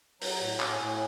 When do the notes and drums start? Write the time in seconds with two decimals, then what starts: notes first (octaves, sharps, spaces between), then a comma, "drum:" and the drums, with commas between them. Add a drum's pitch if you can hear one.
0.21 F#3 A#5, drum: open hi-hat
0.40 A2
0.60 A2, drum: clap
0.73 G#5
0.80 A2